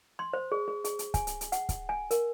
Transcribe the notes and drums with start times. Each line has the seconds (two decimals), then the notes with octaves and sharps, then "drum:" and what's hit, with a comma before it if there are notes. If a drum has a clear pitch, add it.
0.19 C6
0.33 C5
0.52 G#4
0.68 G#4
0.85 G#4, drum: hi-hat
0.99 drum: hi-hat
1.14 G#5, drum: kick, hi-hat
1.27 drum: hi-hat
1.41 drum: hi-hat
1.52 F#5, drum: hi-hat
1.69 drum: kick, hi-hat
1.89 G#5
2.11 A#4, drum: hi-hat